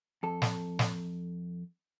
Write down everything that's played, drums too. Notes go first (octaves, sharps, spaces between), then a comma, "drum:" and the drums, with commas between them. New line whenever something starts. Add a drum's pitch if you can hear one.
F2 A4
drum: snare
drum: snare